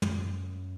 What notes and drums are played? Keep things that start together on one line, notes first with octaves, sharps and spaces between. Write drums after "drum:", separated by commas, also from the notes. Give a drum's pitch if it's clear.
F#2, drum: tom